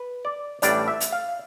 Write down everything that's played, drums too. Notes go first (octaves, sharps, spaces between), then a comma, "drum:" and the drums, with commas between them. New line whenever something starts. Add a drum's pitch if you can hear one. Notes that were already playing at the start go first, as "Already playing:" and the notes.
Already playing: B4
D5
A1 A2 G3 D4 D5, drum: hi-hat
E5
drum: hi-hat
F5